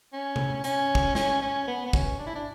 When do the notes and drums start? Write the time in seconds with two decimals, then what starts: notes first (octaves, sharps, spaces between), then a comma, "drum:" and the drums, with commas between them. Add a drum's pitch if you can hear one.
0.13 C#4
0.36 drum: tom C3
0.64 C#4, drum: hi-hat
0.95 drum: kick
1.15 C#4, drum: snare
1.42 C#4
1.67 B3
1.86 B3
1.93 C#4, drum: kick
2.19 D4
2.27 E4
2.36 D4